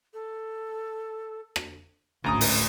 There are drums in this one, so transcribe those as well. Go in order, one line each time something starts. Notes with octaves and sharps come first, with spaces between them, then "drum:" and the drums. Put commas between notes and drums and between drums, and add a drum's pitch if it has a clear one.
A4
drum: rim click
G#1 D2 A2 A3 C#4 A#5 D#6
drum: open hi-hat